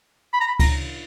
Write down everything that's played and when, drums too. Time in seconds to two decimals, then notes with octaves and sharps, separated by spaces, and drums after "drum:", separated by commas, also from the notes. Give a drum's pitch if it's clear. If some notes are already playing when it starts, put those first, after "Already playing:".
0.33 B5
0.41 A#5
0.47 B5
0.60 A#5, drum: kick C#2, cymbal